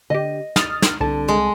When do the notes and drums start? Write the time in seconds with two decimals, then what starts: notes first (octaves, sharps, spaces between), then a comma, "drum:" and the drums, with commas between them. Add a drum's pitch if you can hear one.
0.10 D3 G4 D#5
0.56 D#6 F6 A6, drum: snare
0.82 drum: snare
1.01 C2 D3 A5
1.28 G#3